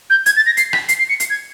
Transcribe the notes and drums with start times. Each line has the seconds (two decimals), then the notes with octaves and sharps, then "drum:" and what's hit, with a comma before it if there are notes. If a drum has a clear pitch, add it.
0.10 G6
0.26 G#6, drum: hi-hat
0.36 A6
0.46 A#6
0.57 C7, drum: hi-hat
0.73 B6, drum: rim click
0.89 C7, drum: hi-hat
0.99 C7
1.09 C#7
1.20 C7, drum: hi-hat
1.30 G#6